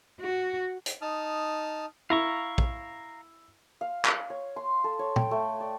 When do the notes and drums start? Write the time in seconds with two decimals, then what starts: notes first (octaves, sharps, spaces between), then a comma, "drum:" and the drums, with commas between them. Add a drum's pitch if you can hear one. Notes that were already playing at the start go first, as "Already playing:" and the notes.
0.20 F#4
0.86 drum: hi-hat
1.02 D#4 A5 D#6 F6
2.10 E4 F5 A#5 C#6
2.58 drum: kick
3.81 F5
4.05 drum: clap
4.30 C#5
4.56 C6
4.84 A4
4.99 C#5
5.16 G5, drum: tom
5.31 A3
5.60 D5